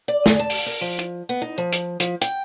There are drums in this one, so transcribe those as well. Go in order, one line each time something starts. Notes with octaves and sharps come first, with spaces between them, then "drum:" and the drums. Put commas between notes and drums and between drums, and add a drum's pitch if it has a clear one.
D5
G#4, drum: snare
A5
drum: open hi-hat
A#4
F3
drum: hi-hat
B3
D#4
F3
drum: hi-hat
F3, drum: hi-hat
G5, drum: hi-hat